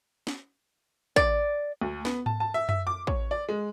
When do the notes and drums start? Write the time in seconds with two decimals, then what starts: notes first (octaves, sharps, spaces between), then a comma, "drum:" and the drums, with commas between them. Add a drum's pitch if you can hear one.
0.27 drum: snare
1.16 D5, drum: kick
1.82 D2
2.05 B3, drum: snare
2.26 A5, drum: tom G#2
2.40 A5
2.54 E5
2.69 E5, drum: tom F#2
2.87 D6
3.07 C#5, drum: kick
3.31 D5
3.49 G#3